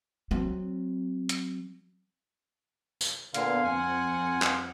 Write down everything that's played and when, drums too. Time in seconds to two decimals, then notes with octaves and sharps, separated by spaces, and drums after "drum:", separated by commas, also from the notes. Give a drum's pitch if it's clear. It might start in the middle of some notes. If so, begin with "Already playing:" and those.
0.31 F#3 C4
1.29 drum: hi-hat
3.01 drum: tambourine
3.34 A#2 D3 B3 F5 C6 F6 G#6, drum: hi-hat
3.64 F2 C4 F#5 G#5
4.42 drum: clap